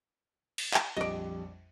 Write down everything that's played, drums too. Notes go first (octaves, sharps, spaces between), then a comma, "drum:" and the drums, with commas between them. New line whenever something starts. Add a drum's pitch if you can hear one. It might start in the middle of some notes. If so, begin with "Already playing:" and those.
drum: cymbal
drum: clap
A#1 F2 G3 D5 D#5